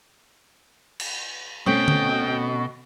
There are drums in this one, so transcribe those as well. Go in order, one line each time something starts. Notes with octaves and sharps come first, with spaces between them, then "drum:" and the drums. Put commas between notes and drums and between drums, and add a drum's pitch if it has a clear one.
drum: cymbal
B2 A3 C4 C#4 G5
drum: tom D3